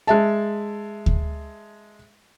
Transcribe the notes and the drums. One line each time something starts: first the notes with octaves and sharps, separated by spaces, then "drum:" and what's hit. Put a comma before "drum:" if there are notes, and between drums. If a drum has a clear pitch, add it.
G#3 E5 A5
drum: kick D2